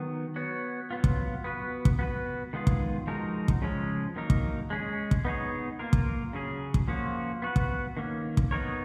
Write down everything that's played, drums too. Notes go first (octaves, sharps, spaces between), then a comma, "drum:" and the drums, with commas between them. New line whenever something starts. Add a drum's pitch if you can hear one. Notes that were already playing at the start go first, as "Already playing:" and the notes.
Already playing: D#3 F#3 B3
B3 F#4 C#5
F#3 B3 F4
drum: kick
B3 F#4 B4
drum: kick
B3 F#4 B4
D#3 G#3 B3 F4 G#4
drum: kick
F3 G#3 D#4 F#4 A#4
drum: kick
C#3 F3 G#3 C#4
D#3 F#3 A#3 D#4 A#4
drum: kick
G#3 C#4 G#4
drum: kick
B3 D#4 G#4 C#5
A#3 F4 A#4
drum: kick
C#3 F#3 C#4 G#4
drum: kick
F3 A#3 C#4 F#4
B3 F#4 B4
drum: kick
D#3 A#3 C#4
drum: kick
B3 D#4 A#4 C#5